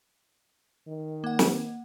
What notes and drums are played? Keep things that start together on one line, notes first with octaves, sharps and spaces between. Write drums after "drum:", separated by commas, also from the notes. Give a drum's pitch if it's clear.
D#3
A#3 F#5
drum: snare